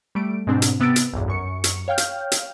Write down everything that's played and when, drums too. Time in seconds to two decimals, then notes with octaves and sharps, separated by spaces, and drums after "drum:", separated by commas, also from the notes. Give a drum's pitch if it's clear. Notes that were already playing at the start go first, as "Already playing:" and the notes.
0.15 G3 A3 D7
0.47 G#2 B2 C4 D4
0.62 drum: hi-hat
0.80 C3 B3 E6 A6 D7
0.96 drum: hi-hat
1.13 B1 E2 G2
1.28 F#2 C#6 C#7
1.64 drum: hi-hat
1.88 C#5 F5 G5 F6 G6
1.98 drum: hi-hat
2.32 drum: hi-hat